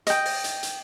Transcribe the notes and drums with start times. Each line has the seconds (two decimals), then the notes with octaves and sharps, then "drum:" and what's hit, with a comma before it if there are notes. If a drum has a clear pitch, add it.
0.07 D#5 G5, drum: hi-hat
0.25 drum: open hi-hat
0.44 drum: hi-hat
0.63 drum: hi-hat